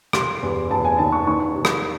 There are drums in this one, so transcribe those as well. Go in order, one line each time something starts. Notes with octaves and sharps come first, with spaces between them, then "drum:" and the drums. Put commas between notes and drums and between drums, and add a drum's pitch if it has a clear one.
C3 C6, drum: rim click
E2
E2 A5
G#5
D#3 A5
C#6
D#3 C#6
C3
drum: rim click